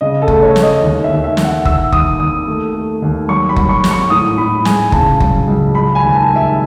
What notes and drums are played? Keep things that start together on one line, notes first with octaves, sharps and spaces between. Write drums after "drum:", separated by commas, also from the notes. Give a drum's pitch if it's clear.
C#3 D#5
A4
A3, drum: kick F#1
C#5
A3, drum: snare
D#5
D#2
E5
D#2
E5
D#3, drum: snare
F#5
D#2 E6, drum: kick F#1
D#2 D#6, drum: kick F#1
D#2 D#6
A3
A3
D#2
F#3 C#6
B5
F#3, drum: kick F#1
C#6
G#2, drum: snare
C#6
A2 D#6
A2 B5
G#3 G#5, drum: snare
C#3 A5, drum: kick F#1
F#3, drum: kick F#1
C#2
G#3 B5
G#5
D#2
A5
D#3
E5